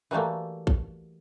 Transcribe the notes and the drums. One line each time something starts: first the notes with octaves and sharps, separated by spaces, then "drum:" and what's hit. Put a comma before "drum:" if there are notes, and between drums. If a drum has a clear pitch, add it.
E3 F#3 G3 A3 A#3
drum: kick